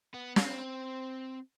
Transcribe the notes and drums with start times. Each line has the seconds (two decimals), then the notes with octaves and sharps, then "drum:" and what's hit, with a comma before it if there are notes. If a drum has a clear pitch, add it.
0.14 B3
0.36 C4, drum: snare